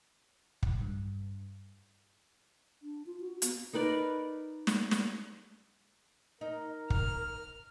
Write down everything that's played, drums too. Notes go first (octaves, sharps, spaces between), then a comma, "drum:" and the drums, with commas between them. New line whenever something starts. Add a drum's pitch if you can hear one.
drum: kick
G2
D4
F4
F#4
B3, drum: hi-hat
D#4 A#4 B4 D5
drum: snare
drum: snare
D#4 A#4
F6, drum: kick